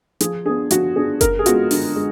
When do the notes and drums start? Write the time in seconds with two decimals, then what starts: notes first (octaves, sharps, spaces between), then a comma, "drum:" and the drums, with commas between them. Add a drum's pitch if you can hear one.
0.21 F3 G#4, drum: hi-hat
0.45 B3 D4 G#4
0.71 F3 F#4, drum: hi-hat
0.96 B3 D4 G#4
1.21 D3 A#4, drum: kick F#1, hi-hat
1.39 G#4
1.46 G#3 B3 F4 F#4, drum: hi-hat
1.71 D3, drum: open hi-hat
1.96 G#3